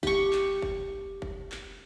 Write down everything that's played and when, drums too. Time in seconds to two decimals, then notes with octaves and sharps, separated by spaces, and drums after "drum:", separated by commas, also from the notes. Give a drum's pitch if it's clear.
0.03 G4 C#6, drum: kick
0.33 drum: clap
0.62 drum: kick
1.22 drum: kick
1.52 drum: clap